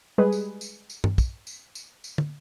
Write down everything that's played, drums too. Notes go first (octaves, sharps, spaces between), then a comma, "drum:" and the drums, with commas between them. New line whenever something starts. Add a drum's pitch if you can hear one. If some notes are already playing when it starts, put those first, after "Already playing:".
G3 G#3 G#4 B4
drum: tambourine
drum: tambourine
drum: tambourine
drum: tom G2
drum: kick, tambourine
drum: tambourine
drum: tambourine
drum: tambourine
drum: tom